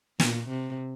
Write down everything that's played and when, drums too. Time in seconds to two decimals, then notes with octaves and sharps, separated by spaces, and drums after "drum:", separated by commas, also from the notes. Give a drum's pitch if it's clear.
0.20 A#2, drum: snare
0.49 C3